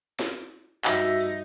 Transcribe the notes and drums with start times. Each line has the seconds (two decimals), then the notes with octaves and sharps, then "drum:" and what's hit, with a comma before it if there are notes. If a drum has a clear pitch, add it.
0.19 drum: snare
0.85 G2 D#4 F#4 E5, drum: clap
1.20 drum: hi-hat